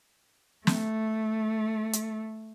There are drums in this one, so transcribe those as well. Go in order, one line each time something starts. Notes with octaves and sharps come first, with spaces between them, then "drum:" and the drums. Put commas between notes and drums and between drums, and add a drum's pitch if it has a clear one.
A3, drum: snare
drum: hi-hat